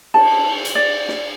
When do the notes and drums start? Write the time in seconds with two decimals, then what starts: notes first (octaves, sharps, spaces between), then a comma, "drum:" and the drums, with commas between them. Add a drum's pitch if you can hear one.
0.14 A5, drum: cymbal
0.65 drum: hi-hat
0.75 D5
1.08 drum: snare